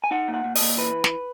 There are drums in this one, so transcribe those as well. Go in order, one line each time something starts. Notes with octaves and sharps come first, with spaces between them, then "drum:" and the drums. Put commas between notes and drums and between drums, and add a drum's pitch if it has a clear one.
G#5
D#4 F#5
A#2
F#5
A#2
D#5, drum: open hi-hat
A#2
E3 B4
drum: snare